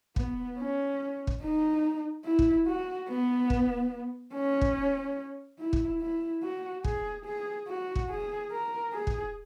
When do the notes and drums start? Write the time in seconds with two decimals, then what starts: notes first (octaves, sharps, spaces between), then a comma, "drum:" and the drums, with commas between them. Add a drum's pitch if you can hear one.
0.16 B3, drum: kick
0.58 C#4
1.27 drum: kick
1.41 D#4
2.25 E4
2.39 drum: kick
2.66 F#4
3.08 B3
3.50 drum: kick
4.34 C#4
4.61 drum: kick
5.59 E4
5.73 drum: kick
6.00 E4
6.43 F#4
6.84 G#4, drum: kick
7.25 G#4
7.68 F#4
7.96 drum: kick
8.09 G#4
8.51 A#4
8.93 G#4
9.07 drum: kick